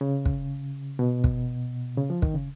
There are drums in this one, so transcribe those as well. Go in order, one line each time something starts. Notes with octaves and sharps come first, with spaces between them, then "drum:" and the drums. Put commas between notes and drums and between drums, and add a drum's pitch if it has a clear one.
C#3
drum: kick
B2
drum: kick
C#3
F3
D#3, drum: kick
C#3